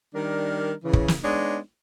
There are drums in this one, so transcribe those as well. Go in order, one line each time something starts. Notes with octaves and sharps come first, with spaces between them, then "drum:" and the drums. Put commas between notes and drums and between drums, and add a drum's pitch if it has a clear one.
D#3 G3 D4 A#4
C#3 E3
drum: kick
drum: snare
G#3 B3 D4 D#4 C#5